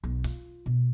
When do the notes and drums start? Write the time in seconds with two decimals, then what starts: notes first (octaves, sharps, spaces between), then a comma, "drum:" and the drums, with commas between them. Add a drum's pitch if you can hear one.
0.04 B1
0.24 F4, drum: open hi-hat
0.66 B2